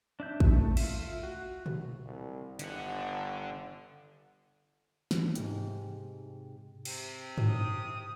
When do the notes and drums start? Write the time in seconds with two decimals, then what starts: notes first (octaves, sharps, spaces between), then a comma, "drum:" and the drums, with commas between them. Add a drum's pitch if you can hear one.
0.20 D4 E5 G6
0.40 drum: kick
0.53 A3
0.77 F4 E5, drum: cymbal
1.23 F#4
1.66 drum: tom A#2
2.06 C2
2.59 G1 D3 F#5, drum: hi-hat
5.11 drum: snare
5.35 G#2 C3, drum: hi-hat
6.85 C3, drum: cymbal
7.38 drum: tom G2
7.49 D#6